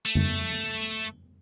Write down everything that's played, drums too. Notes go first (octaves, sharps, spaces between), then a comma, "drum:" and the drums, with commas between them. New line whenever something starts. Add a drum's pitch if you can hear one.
A3
drum: tom